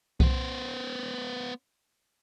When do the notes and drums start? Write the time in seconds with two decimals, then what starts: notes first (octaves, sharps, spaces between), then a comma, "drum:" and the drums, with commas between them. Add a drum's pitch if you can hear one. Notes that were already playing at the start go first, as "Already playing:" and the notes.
0.20 B3 C5, drum: kick C2